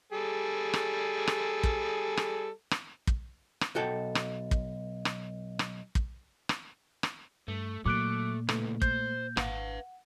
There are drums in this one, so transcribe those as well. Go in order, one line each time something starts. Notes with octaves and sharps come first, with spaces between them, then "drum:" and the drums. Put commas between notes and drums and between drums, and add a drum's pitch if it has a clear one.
G3 G#4 A4
drum: rim click
drum: rim click
drum: kick
drum: rim click
drum: rim click
drum: kick
drum: rim click
B1 F#4 A4 G5
drum: rim click
drum: kick
drum: rim click
drum: rim click
drum: kick
drum: rim click
drum: rim click
G2 A3
A#2 F#3 A3 D6 F#6 D7
C#2 A2 A3 A4 B4, drum: rim click
C5 G6, drum: kick
G#1 B4 F5 F#5, drum: rim click